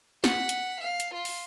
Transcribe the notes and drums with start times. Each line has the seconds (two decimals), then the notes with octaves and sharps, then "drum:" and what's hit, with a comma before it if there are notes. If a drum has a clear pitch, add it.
0.24 F#5 B6, drum: snare
0.49 drum: hi-hat
0.81 F5
1.00 drum: hi-hat
1.14 F4
1.25 drum: open hi-hat